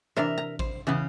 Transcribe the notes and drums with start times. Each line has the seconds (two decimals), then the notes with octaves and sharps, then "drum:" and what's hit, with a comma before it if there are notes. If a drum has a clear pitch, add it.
0.17 C3 E3 D4 A#4 E5
0.38 A#5
0.59 C5, drum: kick A1
0.87 C#3 E3 B3 C#4